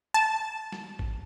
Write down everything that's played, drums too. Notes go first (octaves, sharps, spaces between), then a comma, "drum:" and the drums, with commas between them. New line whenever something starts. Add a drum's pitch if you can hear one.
A5
drum: snare
drum: kick